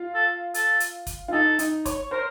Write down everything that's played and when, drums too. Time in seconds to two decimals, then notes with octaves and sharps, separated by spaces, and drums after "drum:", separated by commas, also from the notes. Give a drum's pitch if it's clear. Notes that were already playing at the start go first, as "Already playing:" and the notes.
Already playing: F4
0.14 A4
0.54 A4, drum: hi-hat
0.80 drum: hi-hat
1.07 drum: kick, hi-hat
1.28 F4
1.32 D#4 A4
1.59 D#4, drum: hi-hat
1.85 C#5, drum: kick, hi-hat
2.11 A#4 C5